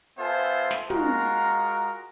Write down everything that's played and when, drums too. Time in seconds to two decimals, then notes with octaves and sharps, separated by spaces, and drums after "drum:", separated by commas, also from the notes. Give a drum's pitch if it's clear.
0.18 B3 F4 A4 C5 E5 G#5
0.71 drum: snare
0.90 G#3 F4 F#4 A#4 A#5, drum: tom